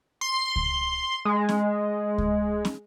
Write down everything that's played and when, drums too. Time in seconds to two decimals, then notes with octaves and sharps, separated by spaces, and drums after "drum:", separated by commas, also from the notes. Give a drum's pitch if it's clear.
0.21 C6
0.56 drum: kick C#2
1.25 G#3
1.49 drum: snare
2.18 drum: kick C#2
2.65 drum: snare